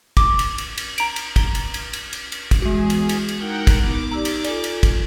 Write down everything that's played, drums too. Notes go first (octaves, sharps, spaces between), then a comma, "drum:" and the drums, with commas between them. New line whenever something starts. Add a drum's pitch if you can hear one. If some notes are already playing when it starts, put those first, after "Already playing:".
D6, drum: kick, cymbal
drum: cymbal
drum: cymbal
drum: cymbal
A#5 D7, drum: cymbal
drum: cymbal
G7, drum: kick, cymbal
drum: cymbal
drum: cymbal
drum: cymbal
drum: cymbal
drum: cymbal
drum: kick, cymbal
E2 G#3 F#4 G#4
drum: cymbal
drum: cymbal
drum: cymbal
D#4 E4 A#4 F#5 G5
drum: kick, cymbal
B3 D#4 D6
D#4 G4 D5 A#5 E6
drum: cymbal
F4 A4 D5 G#5, drum: cymbal
drum: cymbal
drum: kick, cymbal